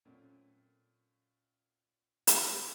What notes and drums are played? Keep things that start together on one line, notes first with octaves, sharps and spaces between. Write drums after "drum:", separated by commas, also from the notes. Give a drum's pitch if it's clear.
F#2 A#2 A3 C4 C#4
drum: hi-hat